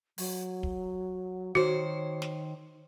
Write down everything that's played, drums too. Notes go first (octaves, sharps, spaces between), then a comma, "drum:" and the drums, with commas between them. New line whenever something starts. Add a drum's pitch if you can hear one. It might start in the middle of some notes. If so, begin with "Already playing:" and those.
F#3, drum: open hi-hat
drum: kick
D#3 F#4 C5 C#5
drum: snare